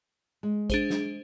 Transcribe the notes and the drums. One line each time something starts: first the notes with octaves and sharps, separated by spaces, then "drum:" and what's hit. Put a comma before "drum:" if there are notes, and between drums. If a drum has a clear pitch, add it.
G#3
D4 G#4 C5, drum: kick, hi-hat
drum: snare